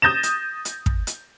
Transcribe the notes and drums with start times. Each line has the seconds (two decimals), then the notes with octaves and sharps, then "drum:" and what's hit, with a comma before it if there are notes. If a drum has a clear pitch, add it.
0.02 D#6 G6 A6 A#6 E7
0.23 drum: hi-hat
0.65 drum: hi-hat
0.86 drum: kick
1.07 drum: hi-hat